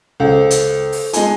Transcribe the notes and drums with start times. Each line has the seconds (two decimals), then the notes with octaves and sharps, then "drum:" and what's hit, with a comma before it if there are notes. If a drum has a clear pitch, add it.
0.20 C#2 A4 C5
0.50 drum: hi-hat
0.92 drum: open hi-hat
1.13 G#3 D#4 F4 G#5 A5 G7, drum: hi-hat